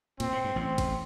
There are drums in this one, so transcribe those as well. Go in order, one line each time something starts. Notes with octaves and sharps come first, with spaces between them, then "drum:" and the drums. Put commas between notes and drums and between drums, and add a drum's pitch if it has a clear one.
A#2 C4, drum: cymbal
A2
G2
A1 A2 C4
drum: kick G#1, cymbal